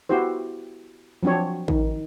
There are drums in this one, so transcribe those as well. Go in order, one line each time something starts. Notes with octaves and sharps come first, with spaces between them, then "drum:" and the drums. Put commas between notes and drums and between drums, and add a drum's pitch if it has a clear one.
B3 E4 F#4 G4 C5
F3 F#3 C4 D4 C#5
D#3, drum: kick A1